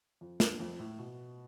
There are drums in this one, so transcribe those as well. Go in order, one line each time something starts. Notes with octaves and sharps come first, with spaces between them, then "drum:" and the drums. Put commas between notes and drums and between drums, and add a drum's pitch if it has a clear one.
F2
G2, drum: snare
F2
A2
B2